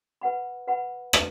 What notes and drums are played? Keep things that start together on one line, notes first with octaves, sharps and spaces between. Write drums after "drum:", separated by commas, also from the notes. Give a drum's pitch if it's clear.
B4 F#5 B5
B4 F#5 B5
B4, drum: rim click